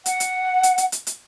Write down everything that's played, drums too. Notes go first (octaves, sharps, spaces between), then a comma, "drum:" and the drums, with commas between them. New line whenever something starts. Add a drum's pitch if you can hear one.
F#5, drum: hi-hat
drum: hi-hat
drum: hi-hat
drum: hi-hat
drum: hi-hat
drum: hi-hat